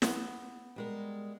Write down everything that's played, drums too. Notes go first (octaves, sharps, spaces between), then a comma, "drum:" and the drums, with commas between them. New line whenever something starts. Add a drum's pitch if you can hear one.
B3, drum: snare
G3 G#3 A#4